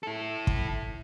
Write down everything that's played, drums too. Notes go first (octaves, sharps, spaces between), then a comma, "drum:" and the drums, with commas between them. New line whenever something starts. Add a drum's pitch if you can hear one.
E4 A4
drum: kick